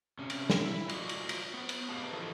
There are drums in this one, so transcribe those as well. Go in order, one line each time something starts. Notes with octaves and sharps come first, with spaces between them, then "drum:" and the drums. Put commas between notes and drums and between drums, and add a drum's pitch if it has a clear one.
C3 C#4
drum: cymbal
drum: snare
E4
F#3 F4 F#4 D5 D#5, drum: cymbal
drum: cymbal
drum: cymbal
B3
drum: cymbal
G4 A#4 B4 D#5 F5 A5
E3 F3 A4 D#5